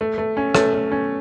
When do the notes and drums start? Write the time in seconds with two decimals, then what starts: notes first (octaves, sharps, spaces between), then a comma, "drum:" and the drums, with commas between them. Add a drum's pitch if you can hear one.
0.01 A3
0.18 A3
0.37 C#4
0.55 A3, drum: rim click
0.74 A3
0.92 C#4